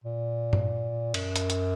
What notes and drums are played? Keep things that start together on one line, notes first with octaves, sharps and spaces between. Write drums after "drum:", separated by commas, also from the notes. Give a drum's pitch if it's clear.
A#2
drum: tom G2
F#2, drum: cymbal
drum: hi-hat
drum: hi-hat